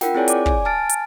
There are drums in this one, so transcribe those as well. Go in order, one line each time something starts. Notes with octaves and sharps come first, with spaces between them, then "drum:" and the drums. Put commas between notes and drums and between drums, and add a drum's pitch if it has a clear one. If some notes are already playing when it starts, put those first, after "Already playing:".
F4 A#4 F#5 G5, drum: snare
C4 E4 G#4 C#5 D5 G#5
D5 D6, drum: hi-hat
G#5, drum: kick
G#5 A5 F6 A6 D7
drum: hi-hat